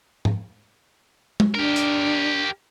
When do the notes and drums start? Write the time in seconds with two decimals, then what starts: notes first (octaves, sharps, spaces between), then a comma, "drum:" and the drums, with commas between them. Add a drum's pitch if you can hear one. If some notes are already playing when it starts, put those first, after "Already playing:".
0.25 drum: tom G#2
1.40 drum: tom
1.55 D4 G4 A#4
1.76 drum: hi-hat